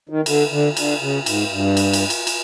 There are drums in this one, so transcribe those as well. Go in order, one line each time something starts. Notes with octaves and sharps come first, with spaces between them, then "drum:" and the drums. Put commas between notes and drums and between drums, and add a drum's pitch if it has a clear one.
D#3
D3, drum: cymbal
D3
D3, drum: cymbal
C#3
G#2, drum: cymbal
G2
drum: cymbal
drum: cymbal
drum: cymbal
drum: cymbal